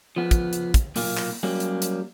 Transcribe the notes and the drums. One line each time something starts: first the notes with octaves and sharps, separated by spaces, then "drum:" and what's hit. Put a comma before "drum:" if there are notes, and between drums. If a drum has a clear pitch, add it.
F3 B3
drum: kick, hi-hat
drum: hi-hat
drum: kick, hi-hat
B1 A#2 A#3, drum: open hi-hat
drum: clap
F#3 G3 A#3 C#4
drum: hi-hat
drum: hi-hat